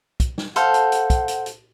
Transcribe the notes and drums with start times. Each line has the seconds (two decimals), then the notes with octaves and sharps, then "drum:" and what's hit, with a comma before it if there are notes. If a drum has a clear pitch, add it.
0.20 drum: kick, hi-hat
0.38 drum: snare
0.56 A4 C5 F5 F#5, drum: hi-hat
0.74 drum: hi-hat
0.92 drum: hi-hat
1.10 drum: kick, hi-hat
1.28 drum: hi-hat
1.46 drum: hi-hat